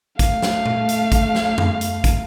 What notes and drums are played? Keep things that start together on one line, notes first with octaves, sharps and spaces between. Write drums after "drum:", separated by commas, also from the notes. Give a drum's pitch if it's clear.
A3 F5, drum: kick, hi-hat
drum: snare
drum: tom A#2
drum: hi-hat
drum: kick, hi-hat
drum: snare
drum: tom F2
drum: hi-hat
drum: kick, hi-hat